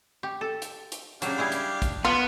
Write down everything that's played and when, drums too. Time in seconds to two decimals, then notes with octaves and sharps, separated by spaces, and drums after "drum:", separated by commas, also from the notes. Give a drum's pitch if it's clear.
0.23 G4
0.41 A4
0.62 drum: hi-hat
0.92 drum: hi-hat
1.22 C#3 F#3 D4 G4 F5, drum: hi-hat
1.38 G3 E4 G#4
1.52 drum: hi-hat
1.82 drum: kick, hi-hat
2.05 B3 F4